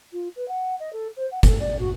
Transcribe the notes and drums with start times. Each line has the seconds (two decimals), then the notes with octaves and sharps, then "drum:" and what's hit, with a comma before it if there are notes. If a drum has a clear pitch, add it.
0.12 F4
0.36 B4
0.48 F#5
0.79 D#5
0.92 A4
1.16 C5
1.31 F#5
1.43 A4, drum: kick, hi-hat
1.59 D5
1.79 F#4